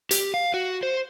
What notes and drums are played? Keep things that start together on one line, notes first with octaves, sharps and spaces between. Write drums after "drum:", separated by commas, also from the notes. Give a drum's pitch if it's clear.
G4, drum: hi-hat
F5
F#4
C5